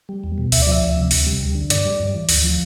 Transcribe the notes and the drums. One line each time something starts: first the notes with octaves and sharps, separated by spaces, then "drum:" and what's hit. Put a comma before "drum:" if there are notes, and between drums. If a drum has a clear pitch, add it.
G3
E2
B2
D2 E5, drum: open hi-hat
D5
F3 E5
D2
C3
D2, drum: open hi-hat
G3
D2
D3
G2 D5, drum: hi-hat
G3
G2
E3
D2, drum: open hi-hat
F3